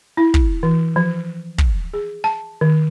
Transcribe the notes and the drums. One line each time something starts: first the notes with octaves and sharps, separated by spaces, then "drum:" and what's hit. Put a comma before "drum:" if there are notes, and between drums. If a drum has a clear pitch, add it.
E4
drum: kick
E3
F3
drum: kick
G#4
A5
D#3